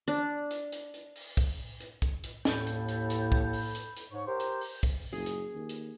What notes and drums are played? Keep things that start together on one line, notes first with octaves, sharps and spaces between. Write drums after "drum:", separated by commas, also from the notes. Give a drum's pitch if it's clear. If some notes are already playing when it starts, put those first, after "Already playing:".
D4
drum: hi-hat
drum: hi-hat
drum: hi-hat
drum: open hi-hat
drum: kick, open hi-hat
drum: hi-hat
drum: kick, hi-hat
drum: hi-hat
D#2 A2 A4 B5 G6, drum: snare
drum: hi-hat
drum: hi-hat
drum: hi-hat
drum: kick
drum: open hi-hat
drum: hi-hat
drum: hi-hat
G#2 C#5 C#6
G4 A#4 C5 G6
drum: hi-hat
drum: open hi-hat
drum: kick, open hi-hat
F#1 G#4
drum: hi-hat
D#2
drum: hi-hat